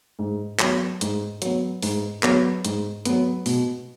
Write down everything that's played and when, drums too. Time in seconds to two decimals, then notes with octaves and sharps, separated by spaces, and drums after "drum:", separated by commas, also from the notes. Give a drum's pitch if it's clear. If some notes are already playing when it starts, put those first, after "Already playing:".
0.19 G#2
0.59 F#3 B3, drum: clap
1.01 G#2, drum: hi-hat
1.42 F#3 B3, drum: hi-hat
1.82 G#2, drum: open hi-hat
2.23 F#3 B3, drum: clap
2.65 G#2, drum: hi-hat
3.05 F#3 B3, drum: hi-hat
3.46 B2, drum: open hi-hat